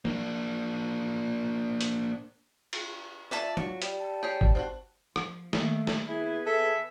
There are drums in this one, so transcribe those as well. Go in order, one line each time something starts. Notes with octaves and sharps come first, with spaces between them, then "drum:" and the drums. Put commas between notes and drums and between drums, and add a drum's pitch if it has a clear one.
A#3 D4, drum: tom F#3
drum: hi-hat
drum: cymbal
F4 D5 E5 G#5 A5
F#3 C#6, drum: tom F#3
G3, drum: hi-hat
A5
G4 G#4 C#5
drum: kick G1
C4 F4 F#4
F3, drum: rim click
D#3 A3 A#3, drum: snare
drum: snare
B3 E4 G#4 B4
A4 E5